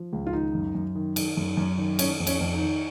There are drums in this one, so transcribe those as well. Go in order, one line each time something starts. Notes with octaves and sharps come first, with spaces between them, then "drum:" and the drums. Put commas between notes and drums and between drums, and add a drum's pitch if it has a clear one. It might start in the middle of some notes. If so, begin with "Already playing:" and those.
Already playing: F3
C#2
F4
D#3 D#4
F#2
F#2
D#3
D#3, drum: cymbal
F#2
F#2
D#3
D#3 C#4, drum: cymbal
F2
C#4, drum: cymbal
F2
D#4
D#3